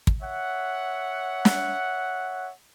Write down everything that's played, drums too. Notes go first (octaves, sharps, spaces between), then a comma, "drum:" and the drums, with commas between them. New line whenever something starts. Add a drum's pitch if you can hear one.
drum: kick
C#5 E5 F#5
drum: snare